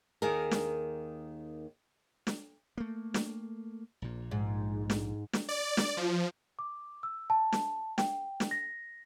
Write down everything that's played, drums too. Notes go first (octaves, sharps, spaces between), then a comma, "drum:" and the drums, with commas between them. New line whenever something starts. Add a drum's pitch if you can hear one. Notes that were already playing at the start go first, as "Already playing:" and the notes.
D#2 D#3 G#4 A#4
drum: snare
drum: snare
A3 A#3
drum: snare
A#1 A#2
G#2
drum: snare
drum: snare
D5
drum: snare
F3
D6
E6
A5
drum: snare
G5, drum: snare
drum: snare
A#6